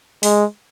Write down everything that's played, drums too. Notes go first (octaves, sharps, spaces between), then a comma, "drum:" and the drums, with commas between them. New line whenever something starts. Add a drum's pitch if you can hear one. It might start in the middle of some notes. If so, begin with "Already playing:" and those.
G#3, drum: open hi-hat